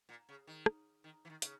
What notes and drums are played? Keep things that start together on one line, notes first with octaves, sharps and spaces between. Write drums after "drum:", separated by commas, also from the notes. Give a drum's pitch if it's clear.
A#2
C#3
D#3
drum: rim click
D#3
E3
D#3
C#3, drum: hi-hat